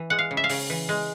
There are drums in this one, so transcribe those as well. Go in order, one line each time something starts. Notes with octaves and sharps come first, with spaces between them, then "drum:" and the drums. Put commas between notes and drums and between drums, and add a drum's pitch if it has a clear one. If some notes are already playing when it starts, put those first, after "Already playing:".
Already playing: E3
G#3 F#5
F5
C#3
E5
F5
C#3, drum: open hi-hat
E3
G#3